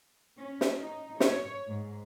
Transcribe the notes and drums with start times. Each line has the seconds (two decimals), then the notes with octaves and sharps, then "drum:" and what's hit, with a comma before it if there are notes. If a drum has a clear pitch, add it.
0.38 C#4
0.61 drum: snare
0.79 D#4
1.20 C#5, drum: snare
1.67 G#2